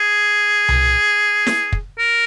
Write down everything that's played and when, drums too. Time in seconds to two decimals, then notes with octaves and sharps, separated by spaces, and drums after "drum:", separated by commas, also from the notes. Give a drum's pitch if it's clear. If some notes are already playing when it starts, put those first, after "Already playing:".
Already playing: G#4
0.69 drum: tom C2
1.47 drum: snare
1.72 drum: kick
1.99 A#4